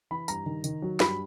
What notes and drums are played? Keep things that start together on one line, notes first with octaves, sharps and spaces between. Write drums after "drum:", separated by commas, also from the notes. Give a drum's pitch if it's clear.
E3 B5
G2 A#5, drum: tambourine
D#3
D#3, drum: tambourine
F#3
G2 B5, drum: snare